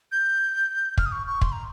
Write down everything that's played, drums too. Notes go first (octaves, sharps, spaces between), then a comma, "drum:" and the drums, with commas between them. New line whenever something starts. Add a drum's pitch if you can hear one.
G6
F6, drum: kick
D#6
C#6
C#6
C6, drum: kick
A#5